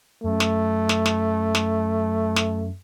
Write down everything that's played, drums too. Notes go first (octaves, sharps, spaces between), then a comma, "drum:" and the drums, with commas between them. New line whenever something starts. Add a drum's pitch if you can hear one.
F#2 A3
drum: snare
drum: snare
drum: snare
drum: snare
drum: snare